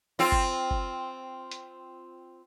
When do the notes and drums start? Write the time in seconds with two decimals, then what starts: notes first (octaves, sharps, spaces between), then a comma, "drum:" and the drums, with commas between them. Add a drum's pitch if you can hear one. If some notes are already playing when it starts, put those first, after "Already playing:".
0.19 C4 F4
0.32 drum: kick G1
0.71 drum: kick G1
1.51 drum: hi-hat